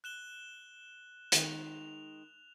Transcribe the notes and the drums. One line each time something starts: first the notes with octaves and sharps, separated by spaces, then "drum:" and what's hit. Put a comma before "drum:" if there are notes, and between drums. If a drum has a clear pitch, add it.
F#6 E7 G7
D#3 G#3 F7, drum: hi-hat